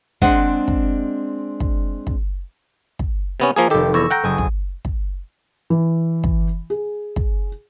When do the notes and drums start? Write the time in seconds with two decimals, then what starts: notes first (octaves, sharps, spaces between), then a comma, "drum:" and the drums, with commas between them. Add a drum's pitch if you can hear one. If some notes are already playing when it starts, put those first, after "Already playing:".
0.22 G#3 C4 D4 D#5 F#5, drum: kick
0.68 drum: kick
1.60 drum: kick
2.07 drum: kick
2.99 drum: kick
3.40 C3 B3 C#4
3.56 F3 A#3 G#4
3.70 F1 D#3 G4 A4
3.94 E2 C#6 E6 A#6
4.10 F#5 G5 A#5
4.24 F#1 G#5 D#6
4.38 drum: kick
4.85 drum: kick
5.70 E3
6.24 drum: kick
6.70 G#4
7.16 drum: kick